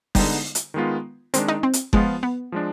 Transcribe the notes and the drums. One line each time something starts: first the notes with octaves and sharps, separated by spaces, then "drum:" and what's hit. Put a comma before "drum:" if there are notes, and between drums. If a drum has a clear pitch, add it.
D3 G3 G#3 B3 D#4, drum: kick F#1, open hi-hat
drum: hi-hat
D#3 G#3 B3 F4
D#3 G#3 C4 D4, drum: hi-hat
D#4
C4
drum: hi-hat
F3 G#3 B3 F4, drum: kick F#1
B3
F3 G#3 D4